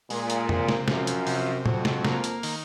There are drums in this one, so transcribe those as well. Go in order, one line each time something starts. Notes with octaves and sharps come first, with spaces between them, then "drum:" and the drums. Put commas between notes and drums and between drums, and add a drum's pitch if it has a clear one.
A#2 G#3, drum: open hi-hat
drum: hi-hat
C3, drum: tom
drum: snare
F#2 F3, drum: snare
drum: hi-hat
C3, drum: open hi-hat
F2 F#3, drum: tom
drum: snare
A#3, drum: snare
drum: hi-hat
D#3, drum: open hi-hat